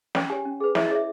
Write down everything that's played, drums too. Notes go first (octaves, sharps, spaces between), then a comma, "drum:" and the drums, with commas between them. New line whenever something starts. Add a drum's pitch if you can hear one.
C#4 G5, drum: snare
G4 C#5 G#5
C#4
G#4 B4
E4 E5, drum: snare
D#5
G#4 C#5 E5